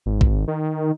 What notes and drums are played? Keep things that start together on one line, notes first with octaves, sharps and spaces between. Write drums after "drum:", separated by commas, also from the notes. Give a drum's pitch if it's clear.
G#1
drum: kick
D#3